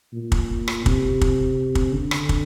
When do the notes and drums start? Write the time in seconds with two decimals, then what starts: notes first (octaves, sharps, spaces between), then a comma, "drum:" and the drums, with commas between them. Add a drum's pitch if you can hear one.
0.13 A#2
0.32 drum: kick
0.68 drum: rim click
0.86 C3, drum: kick
1.21 drum: kick
1.75 drum: kick
1.93 D3
2.11 drum: rim click
2.29 drum: kick